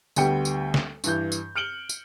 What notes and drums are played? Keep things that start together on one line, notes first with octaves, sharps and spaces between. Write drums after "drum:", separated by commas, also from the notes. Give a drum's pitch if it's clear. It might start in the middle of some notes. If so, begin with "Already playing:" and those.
D2 G3 B3 G5 C#7, drum: tambourine
drum: tambourine
drum: snare
G2 E3 G6, drum: tambourine
drum: tambourine
F6 C#7 D7 F#7 G7
drum: tambourine